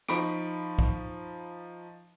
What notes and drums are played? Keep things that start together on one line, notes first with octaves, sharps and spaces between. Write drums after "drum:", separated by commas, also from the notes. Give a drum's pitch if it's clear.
F3 D#4 B5 C#6 D7, drum: rim click
drum: kick B1